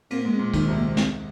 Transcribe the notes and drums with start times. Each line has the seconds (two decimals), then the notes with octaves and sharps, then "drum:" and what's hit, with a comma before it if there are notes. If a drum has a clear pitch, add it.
0.11 A#2 A#3 C4, drum: cymbal
0.22 G#2 G#3 A#3
0.35 C4
0.39 A#2
0.54 D#2 D#3 D#4, drum: kick, cymbal
0.68 C2 C3
0.75 A#3
0.97 G#2 C4, drum: snare